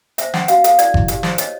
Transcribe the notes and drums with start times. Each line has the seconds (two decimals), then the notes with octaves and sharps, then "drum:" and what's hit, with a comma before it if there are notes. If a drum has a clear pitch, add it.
0.18 C5 E5, drum: hi-hat
0.34 C#4 F#5, drum: snare
0.48 F#4 F5, drum: hi-hat
0.64 A4 F5, drum: hi-hat
0.79 E4 D5, drum: hi-hat
0.94 E4, drum: kick G1
1.08 G4, drum: hi-hat
1.23 C5, drum: snare
1.38 C#5 D#5, drum: hi-hat